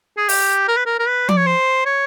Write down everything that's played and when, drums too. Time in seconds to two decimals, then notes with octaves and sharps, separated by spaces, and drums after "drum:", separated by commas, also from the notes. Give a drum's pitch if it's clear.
0.17 G#4
0.29 G4, drum: open hi-hat
0.68 A#4
0.77 B4
0.86 A#4
1.00 A#4
1.08 B4
1.29 D5, drum: tom F3
1.37 C#5
1.47 C5
1.86 C#5